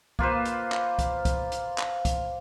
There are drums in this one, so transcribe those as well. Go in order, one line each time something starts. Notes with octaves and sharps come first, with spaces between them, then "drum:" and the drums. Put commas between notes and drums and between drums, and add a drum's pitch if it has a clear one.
A#3 F4 B4 C5, drum: kick
drum: hi-hat
drum: clap
drum: kick, hi-hat
drum: kick, hi-hat
drum: hi-hat
drum: clap
drum: kick, hi-hat